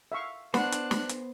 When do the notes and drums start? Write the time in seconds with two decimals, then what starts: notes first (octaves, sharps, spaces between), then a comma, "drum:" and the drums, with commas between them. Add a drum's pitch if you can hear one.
0.12 E5 F5 C#6
0.54 B3 D4 B4 C5 F#5 F#6, drum: snare
0.72 drum: hi-hat
0.91 drum: snare
1.09 drum: hi-hat